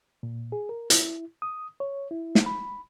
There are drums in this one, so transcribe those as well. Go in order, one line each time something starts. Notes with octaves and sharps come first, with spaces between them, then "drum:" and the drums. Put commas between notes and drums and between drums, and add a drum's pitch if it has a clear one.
A#2
G#4
A#4
E4, drum: hi-hat
D#6
C#5
E4
drum: snare
B5